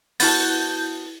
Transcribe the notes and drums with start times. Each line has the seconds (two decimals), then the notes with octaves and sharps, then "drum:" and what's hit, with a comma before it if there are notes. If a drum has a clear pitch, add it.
0.20 B3 E4 F#4 A5 G6 A6, drum: open hi-hat